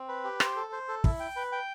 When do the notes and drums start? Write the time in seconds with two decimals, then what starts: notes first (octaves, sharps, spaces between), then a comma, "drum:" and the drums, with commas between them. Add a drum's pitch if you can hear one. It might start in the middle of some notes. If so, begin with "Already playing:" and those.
Already playing: C4
0.08 B4
0.24 G4
0.40 C5, drum: rim click
0.56 A4
0.72 C5
0.88 A4
1.04 E4, drum: kick
1.20 G5
1.36 B4
1.52 G5